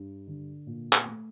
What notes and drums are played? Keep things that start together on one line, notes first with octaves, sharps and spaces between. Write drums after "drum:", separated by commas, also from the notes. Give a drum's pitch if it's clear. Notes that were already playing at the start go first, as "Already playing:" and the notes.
Already playing: G2
D3
A#2
drum: clap
A3